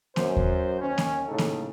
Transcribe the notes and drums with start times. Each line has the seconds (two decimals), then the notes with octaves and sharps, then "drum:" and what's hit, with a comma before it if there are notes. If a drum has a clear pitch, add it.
0.16 F#2 C5, drum: snare A#3
0.37 drum: kick D#2
0.81 D#2 C#4
0.98 drum: snare A#3
1.27 A2 C#3 D#4 A4
1.38 drum: snare A#3